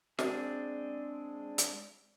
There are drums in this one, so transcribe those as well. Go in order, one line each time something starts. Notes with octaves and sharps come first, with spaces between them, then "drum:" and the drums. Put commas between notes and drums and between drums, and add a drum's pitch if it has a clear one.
G#3 C4 D4 G#4, drum: snare
drum: hi-hat